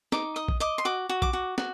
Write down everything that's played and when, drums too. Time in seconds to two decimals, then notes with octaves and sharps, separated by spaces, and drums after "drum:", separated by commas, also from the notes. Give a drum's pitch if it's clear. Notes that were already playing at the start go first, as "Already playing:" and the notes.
0.12 D#4 D6, drum: snare
0.36 D#5 D#6
0.48 drum: kick
0.60 D#5 D6
0.78 C6
0.85 F#4 D6
1.09 F#4
1.22 D6, drum: kick
1.33 F#4
1.58 F#4, drum: snare